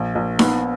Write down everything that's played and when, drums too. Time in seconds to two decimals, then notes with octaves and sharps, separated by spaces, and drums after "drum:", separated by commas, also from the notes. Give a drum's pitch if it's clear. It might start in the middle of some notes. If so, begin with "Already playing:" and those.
Already playing: A#1
0.15 A#1
0.39 B3, drum: snare D#4